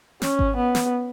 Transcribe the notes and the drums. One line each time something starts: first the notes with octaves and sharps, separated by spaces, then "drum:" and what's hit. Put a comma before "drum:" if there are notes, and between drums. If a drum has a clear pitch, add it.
C#4, drum: snare
drum: kick G#1
B3
drum: snare